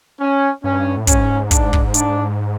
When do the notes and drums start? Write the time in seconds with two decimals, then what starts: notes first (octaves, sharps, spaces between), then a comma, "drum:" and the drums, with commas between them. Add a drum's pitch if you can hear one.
0.21 C#4
0.64 G2 C#4
0.97 A2
1.07 G#2 C#4, drum: kick, hi-hat
1.51 D4, drum: kick, hi-hat
1.73 drum: kick
1.94 D4, drum: hi-hat